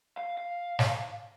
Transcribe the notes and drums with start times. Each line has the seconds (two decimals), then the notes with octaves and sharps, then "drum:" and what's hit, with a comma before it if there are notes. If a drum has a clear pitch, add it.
0.17 F5
0.38 F5
0.79 drum: snare